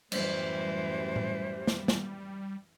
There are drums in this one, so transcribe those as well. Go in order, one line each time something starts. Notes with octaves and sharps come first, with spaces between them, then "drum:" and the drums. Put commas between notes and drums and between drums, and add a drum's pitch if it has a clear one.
F#2 A2 E3 G3 C5, drum: cymbal
drum: tom A2
drum: snare
drum: snare